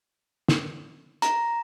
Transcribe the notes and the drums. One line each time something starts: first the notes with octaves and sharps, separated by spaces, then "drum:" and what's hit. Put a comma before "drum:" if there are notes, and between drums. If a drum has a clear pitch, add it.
drum: snare
A#5, drum: hi-hat